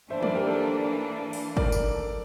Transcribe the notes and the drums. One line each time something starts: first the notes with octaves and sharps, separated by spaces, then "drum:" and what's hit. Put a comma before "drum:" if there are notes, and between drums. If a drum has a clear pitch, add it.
E3 A#3 D4 C5 E5
A#4 D5, drum: tom F3
G4 A#4
A4 C5
drum: open hi-hat
A#4 D5, drum: kick
drum: tambourine